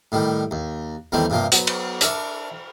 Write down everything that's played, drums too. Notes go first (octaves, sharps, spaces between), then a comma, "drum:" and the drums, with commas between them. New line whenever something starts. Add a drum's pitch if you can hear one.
A2 D#3 G3
D#2
E2 D#3 G3 A3 C4
G2 C3 F3 A#3
F#3 B3, drum: hi-hat
drum: cymbal
D4 A#4 E5 A5 C#6, drum: hi-hat